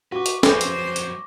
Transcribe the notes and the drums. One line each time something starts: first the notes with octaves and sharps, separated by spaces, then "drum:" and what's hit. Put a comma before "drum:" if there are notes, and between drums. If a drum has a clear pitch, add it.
F#4 B4 C#6 D6
drum: hi-hat
F2 F#3 G#4 B4 C5 D6 A#6 G7, drum: snare
drum: hi-hat
drum: hi-hat